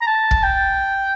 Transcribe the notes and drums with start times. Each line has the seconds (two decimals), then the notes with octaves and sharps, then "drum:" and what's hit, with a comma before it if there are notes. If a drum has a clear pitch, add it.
0.01 A#5
0.07 A5
0.31 drum: kick
0.43 G5